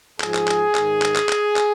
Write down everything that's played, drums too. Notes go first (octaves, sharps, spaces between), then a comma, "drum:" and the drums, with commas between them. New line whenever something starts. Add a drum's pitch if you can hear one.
G#2 F3 G#4, drum: clap
drum: clap
drum: clap
G#2 D#3, drum: clap
drum: clap
drum: clap
drum: clap
drum: clap